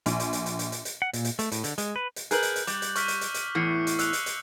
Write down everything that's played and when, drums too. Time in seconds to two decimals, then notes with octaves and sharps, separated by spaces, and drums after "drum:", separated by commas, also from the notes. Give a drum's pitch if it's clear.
0.06 A#1, drum: hi-hat
0.20 drum: hi-hat
0.33 drum: hi-hat
0.46 drum: hi-hat
0.59 drum: hi-hat
0.72 drum: hi-hat
0.85 drum: hi-hat
1.02 F#5
1.13 A#2, drum: hi-hat
1.25 drum: hi-hat
1.39 A3, drum: hi-hat
1.52 A2, drum: hi-hat
1.64 D3, drum: hi-hat
1.78 G#3, drum: hi-hat
1.96 B4
2.16 drum: hi-hat
2.31 G#4 A#4 B4 F#6 G6 F#7, drum: hi-hat
2.43 drum: hi-hat
2.56 drum: hi-hat
2.67 G3 D6, drum: hi-hat
2.82 drum: hi-hat
2.96 C#6 F6 B6, drum: hi-hat
3.08 drum: hi-hat
3.21 drum: hi-hat
3.34 drum: hi-hat
3.55 E2 A2 E3 F6 C7 C#7
3.87 drum: hi-hat
3.99 E6 F#6 F7, drum: hi-hat
4.13 drum: hi-hat
4.26 drum: hi-hat